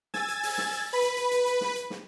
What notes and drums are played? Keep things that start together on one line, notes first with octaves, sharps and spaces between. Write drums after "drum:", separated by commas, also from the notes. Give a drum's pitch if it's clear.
G#5 E6 G#6 A6, drum: snare
drum: hi-hat
drum: open hi-hat
drum: snare
drum: hi-hat
B4 B5
drum: hi-hat
drum: hi-hat
drum: hi-hat
drum: hi-hat
drum: snare
drum: hi-hat
drum: snare